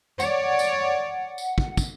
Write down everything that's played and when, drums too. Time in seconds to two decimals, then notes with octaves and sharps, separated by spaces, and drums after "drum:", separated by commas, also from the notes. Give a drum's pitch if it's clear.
0.20 C#5 D5 F#5, drum: tambourine
0.59 drum: tambourine
1.38 drum: tambourine
1.58 drum: kick
1.77 drum: kick, tambourine